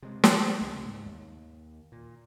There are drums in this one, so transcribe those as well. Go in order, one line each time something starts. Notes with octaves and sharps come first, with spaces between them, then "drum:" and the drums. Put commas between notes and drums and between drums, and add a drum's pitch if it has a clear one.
C3 G#3
G#3, drum: snare
C#2 C3 E3 G3
G#2
D#2
A#2